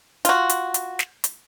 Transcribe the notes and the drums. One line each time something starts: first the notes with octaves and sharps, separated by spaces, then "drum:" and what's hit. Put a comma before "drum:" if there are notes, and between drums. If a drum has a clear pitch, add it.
F4 F#4, drum: hi-hat
drum: hi-hat
drum: hi-hat
drum: snare
drum: hi-hat